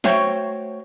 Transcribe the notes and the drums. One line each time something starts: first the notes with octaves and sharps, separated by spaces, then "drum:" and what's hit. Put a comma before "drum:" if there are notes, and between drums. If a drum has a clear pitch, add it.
A3 F#4 C5 C#5 G5, drum: snare